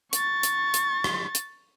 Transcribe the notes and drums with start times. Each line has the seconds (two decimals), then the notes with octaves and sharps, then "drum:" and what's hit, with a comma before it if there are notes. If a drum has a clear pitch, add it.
0.13 C#6 A6, drum: hi-hat
0.43 drum: hi-hat
0.74 drum: hi-hat
1.04 drum: rim click
1.35 drum: hi-hat